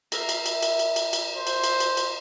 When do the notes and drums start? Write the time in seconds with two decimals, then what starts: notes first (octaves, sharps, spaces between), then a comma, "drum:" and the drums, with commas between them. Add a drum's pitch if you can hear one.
0.12 A#4 E5 F5, drum: cymbal
0.29 drum: cymbal
0.46 drum: cymbal
0.63 drum: cymbal
0.79 drum: cymbal
0.96 drum: cymbal
1.13 drum: cymbal
1.36 C5
1.47 drum: cymbal
1.64 drum: cymbal
1.80 drum: cymbal
1.97 drum: cymbal